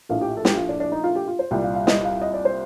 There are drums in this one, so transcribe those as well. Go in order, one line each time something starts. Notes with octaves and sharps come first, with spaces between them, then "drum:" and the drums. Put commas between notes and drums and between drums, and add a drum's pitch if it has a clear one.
A#1 A2 F3 F5
G4
A4
G4, drum: snare
F4
D4
D4
D#4
F4
G4
F4
C5
C2 A#2 G3 G5
F5
F5
D#5, drum: snare
F5
D#5
D5
C5